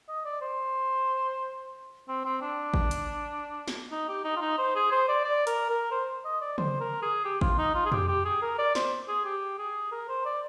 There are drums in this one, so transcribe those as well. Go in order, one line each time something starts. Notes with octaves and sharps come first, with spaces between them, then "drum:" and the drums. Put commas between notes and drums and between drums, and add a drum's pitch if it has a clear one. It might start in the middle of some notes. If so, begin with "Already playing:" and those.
D#5
D5
C5
C4
C4
D4
drum: kick G#1
drum: hi-hat
drum: snare
D#4
G4
D#4
F4
D#4
C5
G#4
C5
D5
D5
A#4, drum: hi-hat
A#4
C5
D#5
D5
C5, drum: tom C#3
A#4
G#4
G4
F4, drum: kick G#1
D#4
F4
G#4
G4, drum: tom
G4
G#4
A#4
D5
C5, drum: snare
G#4
G4
G#4
A#4
C5
D5